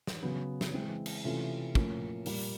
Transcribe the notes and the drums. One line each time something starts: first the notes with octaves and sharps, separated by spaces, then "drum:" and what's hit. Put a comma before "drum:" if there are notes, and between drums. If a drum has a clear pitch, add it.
drum: snare
C#3 F#3 B3
drum: snare
E3 G#3 C4
drum: cymbal
C3 E3 A3 C#4 F4
A2 F3 A#3 C#4, drum: kick
A#2 G3 A#3, drum: open hi-hat